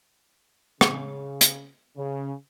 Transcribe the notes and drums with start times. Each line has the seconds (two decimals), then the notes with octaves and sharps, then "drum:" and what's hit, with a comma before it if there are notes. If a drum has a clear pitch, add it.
0.81 C#3, drum: rim click
1.41 drum: hi-hat
1.97 C#3